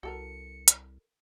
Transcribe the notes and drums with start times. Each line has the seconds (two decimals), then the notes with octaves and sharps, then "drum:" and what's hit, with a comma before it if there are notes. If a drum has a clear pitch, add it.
0.03 C2 F#4 A4 A#4 C#7
0.68 drum: hi-hat